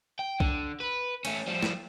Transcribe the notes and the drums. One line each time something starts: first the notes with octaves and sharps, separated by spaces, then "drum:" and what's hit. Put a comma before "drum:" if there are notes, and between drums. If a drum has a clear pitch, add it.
G5
D3, drum: kick
B4
A3 C#4, drum: cymbal
F3 G3
drum: snare